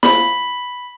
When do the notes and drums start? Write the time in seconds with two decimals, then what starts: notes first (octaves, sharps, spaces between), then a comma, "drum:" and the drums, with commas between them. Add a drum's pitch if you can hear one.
0.03 B5, drum: snare